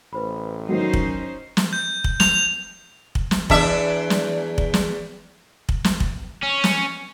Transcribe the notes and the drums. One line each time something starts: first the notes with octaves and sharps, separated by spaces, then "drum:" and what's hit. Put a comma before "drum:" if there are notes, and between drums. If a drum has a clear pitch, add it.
A1 B4 C5 B5
D#3 F#3 C#4 D#4 F#4 C5
drum: kick
drum: snare
G6
drum: kick
F7, drum: snare
drum: kick
drum: snare
E2 D4 E5, drum: kick
drum: snare
drum: kick
drum: snare
drum: kick
drum: snare
drum: kick
C#4
drum: snare